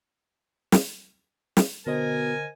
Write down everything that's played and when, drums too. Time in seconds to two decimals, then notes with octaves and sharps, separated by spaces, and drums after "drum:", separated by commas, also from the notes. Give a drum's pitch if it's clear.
0.72 drum: snare
1.57 drum: snare
1.87 B2 D3 A#4 C5 D#5 G#5